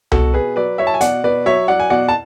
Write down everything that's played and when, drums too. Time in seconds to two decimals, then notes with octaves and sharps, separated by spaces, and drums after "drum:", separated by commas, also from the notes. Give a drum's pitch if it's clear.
0.12 B2 F#4 A4, drum: tom C2
0.34 B2 G#4 B4
0.56 F#3 B4 D5
0.78 F#3 C#5 E5
0.87 A5
0.94 G#5
1.01 B2 D5 F#5, drum: hi-hat
1.24 B2 B4 D5
1.46 F#3 C#5 E5
1.68 F#3 D5 F#5
1.80 G#5
1.90 B2 D5 F#5
2.08 A5